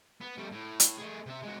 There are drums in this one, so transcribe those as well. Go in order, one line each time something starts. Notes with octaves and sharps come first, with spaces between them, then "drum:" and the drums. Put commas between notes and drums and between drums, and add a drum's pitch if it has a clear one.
B3
G3 A3
A2
drum: hi-hat
A3 G#4
C3 E5
G#3 F#4